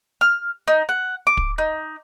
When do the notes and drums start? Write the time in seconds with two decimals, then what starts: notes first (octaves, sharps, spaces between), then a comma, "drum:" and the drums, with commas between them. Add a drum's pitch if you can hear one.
0.21 F6
0.68 D#4
0.89 F#5
1.27 D6
1.37 drum: kick
1.58 D#4